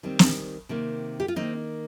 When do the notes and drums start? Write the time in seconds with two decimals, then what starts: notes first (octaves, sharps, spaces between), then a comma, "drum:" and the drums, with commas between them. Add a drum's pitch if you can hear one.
0.03 D#3 G3 C4
0.19 drum: snare
0.69 C3 D#3 A#3
1.20 G4
1.28 F4
1.36 D#3 A#3 C4 D#4